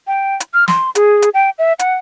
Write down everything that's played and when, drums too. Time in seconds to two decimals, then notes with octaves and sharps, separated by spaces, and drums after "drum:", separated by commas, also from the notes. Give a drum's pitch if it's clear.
0.07 G5
0.40 drum: hi-hat
0.54 F6
0.68 C6, drum: snare
0.95 G#4, drum: hi-hat
1.22 drum: hi-hat
1.34 G5
1.59 E5
1.79 F#5, drum: hi-hat